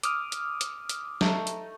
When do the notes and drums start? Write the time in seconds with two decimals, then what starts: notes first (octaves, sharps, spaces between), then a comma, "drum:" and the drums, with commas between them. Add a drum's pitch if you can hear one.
0.03 D6 D#6 F6, drum: hi-hat
0.32 drum: hi-hat
0.61 drum: hi-hat
0.89 drum: hi-hat
1.21 A3 D#4, drum: snare
1.47 drum: hi-hat